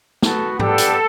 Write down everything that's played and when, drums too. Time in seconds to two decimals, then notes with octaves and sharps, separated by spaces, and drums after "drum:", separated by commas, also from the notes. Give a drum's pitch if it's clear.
0.22 B3 F#4 A4, drum: snare
0.60 B3 D4 G4 A4, drum: tom G#2
0.78 drum: hi-hat